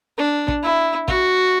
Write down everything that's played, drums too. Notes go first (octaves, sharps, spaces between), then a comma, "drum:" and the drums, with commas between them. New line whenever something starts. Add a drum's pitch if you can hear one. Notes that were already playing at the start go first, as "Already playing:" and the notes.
D4
drum: kick
E4
F#4, drum: kick